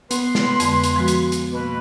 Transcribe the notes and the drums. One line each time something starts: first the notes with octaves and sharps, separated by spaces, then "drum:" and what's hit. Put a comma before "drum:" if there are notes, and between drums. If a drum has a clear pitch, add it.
B3 B4 C6, drum: hi-hat
drum: snare
F2 D3 G#3, drum: hi-hat
drum: hi-hat
F3 G#3 F#4
drum: hi-hat
drum: hi-hat
B2 A#3 B4